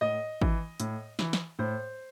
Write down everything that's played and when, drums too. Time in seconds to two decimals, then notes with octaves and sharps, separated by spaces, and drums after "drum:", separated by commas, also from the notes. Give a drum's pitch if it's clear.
0.01 A2 D#5
0.42 E3, drum: kick G#1
0.80 A2, drum: hi-hat
1.19 E3, drum: snare
1.33 drum: snare
1.59 A2 C5